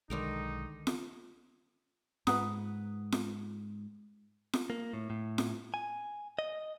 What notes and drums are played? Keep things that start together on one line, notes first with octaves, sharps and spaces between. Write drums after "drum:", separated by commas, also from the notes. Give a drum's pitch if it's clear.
B1 D3 D#3 G#3 D#4 A#4
drum: snare F4
G#2 B4 F#5 A#5 D#6, drum: snare F4
drum: snare F4
drum: snare F4
A#3
A2
A2
drum: snare F4
G#5
D#5